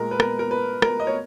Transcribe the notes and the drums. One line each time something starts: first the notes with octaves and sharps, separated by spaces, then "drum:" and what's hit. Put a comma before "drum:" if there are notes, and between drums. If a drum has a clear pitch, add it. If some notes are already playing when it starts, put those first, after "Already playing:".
Already playing: A#2 G#3 A#4
B4
A#4, drum: rim click
A#4
B4
A#4, drum: rim click
D#5
C#5